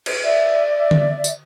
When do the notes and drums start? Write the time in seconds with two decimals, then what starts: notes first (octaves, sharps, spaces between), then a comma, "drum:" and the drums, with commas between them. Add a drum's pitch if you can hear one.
0.06 drum: cymbal
0.23 D5 E5
0.91 drum: tom D3
1.24 drum: tambourine